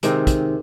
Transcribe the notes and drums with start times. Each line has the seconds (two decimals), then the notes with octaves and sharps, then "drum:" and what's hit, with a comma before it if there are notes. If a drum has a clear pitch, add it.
0.03 C3 D#3 G#3 C4, drum: hi-hat
0.27 drum: kick, hi-hat